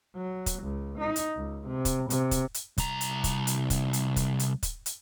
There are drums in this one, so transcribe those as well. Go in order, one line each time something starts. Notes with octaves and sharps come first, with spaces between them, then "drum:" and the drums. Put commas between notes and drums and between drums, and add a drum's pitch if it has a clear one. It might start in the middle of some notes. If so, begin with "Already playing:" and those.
F#3
drum: kick, hi-hat
C#2
D#4
drum: hi-hat
C#2
C3
drum: kick, hi-hat
C3, drum: hi-hat
drum: kick, hi-hat
drum: hi-hat
C2 A#5, drum: kick, hi-hat
drum: hi-hat
drum: kick, hi-hat
drum: hi-hat
drum: kick, hi-hat
drum: hi-hat
drum: kick, hi-hat
drum: hi-hat
drum: kick, hi-hat
drum: hi-hat